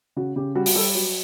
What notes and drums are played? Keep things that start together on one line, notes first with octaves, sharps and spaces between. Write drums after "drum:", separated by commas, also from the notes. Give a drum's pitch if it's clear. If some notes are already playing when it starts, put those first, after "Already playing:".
C#3 F#4
C#3 G4
G3 F#4
F#4, drum: open hi-hat
G3 A4
F#3